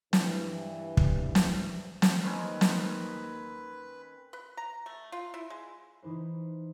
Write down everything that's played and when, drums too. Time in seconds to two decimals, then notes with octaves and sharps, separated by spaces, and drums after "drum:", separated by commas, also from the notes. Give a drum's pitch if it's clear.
0.13 G2 E3, drum: snare
0.97 drum: kick
1.35 drum: snare
2.02 drum: snare
2.23 D#2 D#3 C4 C#4 B4
2.61 drum: snare
4.33 B4
4.57 A#5
4.86 A3
5.12 F4
5.34 E4
5.50 G#3
6.03 E3 D#4 B4 C5